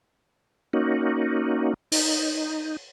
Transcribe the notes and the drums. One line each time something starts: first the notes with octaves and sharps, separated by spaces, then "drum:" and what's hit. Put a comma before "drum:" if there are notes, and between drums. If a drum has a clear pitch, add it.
A#3 C#4 D#4 F#4
D#4, drum: open hi-hat